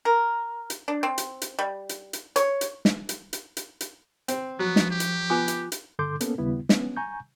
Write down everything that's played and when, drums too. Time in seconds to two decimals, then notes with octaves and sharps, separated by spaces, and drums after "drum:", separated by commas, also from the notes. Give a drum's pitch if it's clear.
0.05 A#4
0.70 drum: hi-hat
0.88 D4
1.03 C4
1.18 drum: hi-hat
1.42 drum: hi-hat
1.59 G3
1.89 drum: hi-hat
2.13 drum: hi-hat
2.36 C#5, drum: hi-hat
2.61 drum: hi-hat
2.85 drum: snare
3.09 drum: hi-hat
3.33 drum: hi-hat
3.57 drum: hi-hat
3.81 drum: hi-hat
4.28 C4, drum: hi-hat
4.59 F3 F#3 B3
4.76 drum: snare
4.90 G4
5.00 drum: hi-hat
5.30 B3 F4 G#5 D6
5.48 drum: hi-hat
5.72 drum: hi-hat
5.99 G2 D3 A4 C6 D6 G6
6.21 A#3 B3 C#4 A4, drum: hi-hat
6.38 D#2 C#3 G3 B3 E4
6.69 B3 C#4, drum: snare
6.97 G#5 A#5 C#6 G6